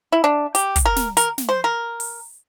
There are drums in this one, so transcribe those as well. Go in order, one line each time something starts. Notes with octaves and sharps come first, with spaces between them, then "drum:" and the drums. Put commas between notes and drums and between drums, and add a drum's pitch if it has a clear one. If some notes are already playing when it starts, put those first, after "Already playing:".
E4
D4
G4, drum: hi-hat
drum: kick, hi-hat
A#4
drum: snare
A#4, drum: hi-hat
drum: snare
C5
A#4
drum: open hi-hat